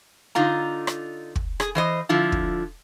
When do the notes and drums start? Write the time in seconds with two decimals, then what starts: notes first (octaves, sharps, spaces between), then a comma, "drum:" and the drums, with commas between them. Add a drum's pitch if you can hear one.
0.35 D3 D#4 F4 A#5
0.87 drum: rim click
1.36 drum: kick
1.60 G#4, drum: rim click
1.75 E3 C5 D#5
2.09 D3 F3 E4 F4
2.32 drum: kick